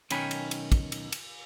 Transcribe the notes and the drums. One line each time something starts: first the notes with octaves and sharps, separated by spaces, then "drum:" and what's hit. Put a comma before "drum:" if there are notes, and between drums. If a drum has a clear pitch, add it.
B1 D#3 C#4 G5 G#5 B5, drum: cymbal
drum: cymbal
drum: cymbal
drum: kick, cymbal
drum: cymbal
drum: cymbal